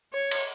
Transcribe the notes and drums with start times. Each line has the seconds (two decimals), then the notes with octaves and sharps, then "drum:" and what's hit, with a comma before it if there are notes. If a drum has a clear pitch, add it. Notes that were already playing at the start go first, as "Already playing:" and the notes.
0.13 C#5
0.31 drum: cymbal